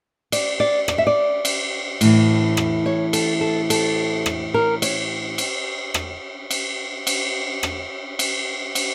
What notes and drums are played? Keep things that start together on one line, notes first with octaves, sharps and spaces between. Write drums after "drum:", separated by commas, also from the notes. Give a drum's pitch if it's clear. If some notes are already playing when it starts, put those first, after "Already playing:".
D5, drum: cymbal
D5
D5, drum: rim click
E5
D5
drum: cymbal
A2 E3, drum: cymbal
drum: rim click
C#5
A4, drum: cymbal
A4
A4, drum: cymbal
drum: rim click
A#4
C#5, drum: cymbal
drum: cymbal
drum: rim click
drum: cymbal
drum: cymbal
drum: rim click
drum: cymbal
drum: cymbal